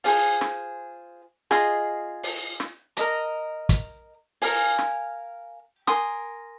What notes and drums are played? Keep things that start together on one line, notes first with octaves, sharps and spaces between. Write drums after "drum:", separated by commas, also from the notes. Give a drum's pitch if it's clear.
F4 G#4 C5 G#5, drum: open hi-hat
drum: snare
F4 G#4 D#5 C6, drum: snare
drum: open hi-hat
drum: snare
A#4 D#5 A#5, drum: hi-hat
drum: kick, hi-hat
A#4 F5 G#5, drum: open hi-hat
drum: snare
A#4 G#5 C6 D#6, drum: snare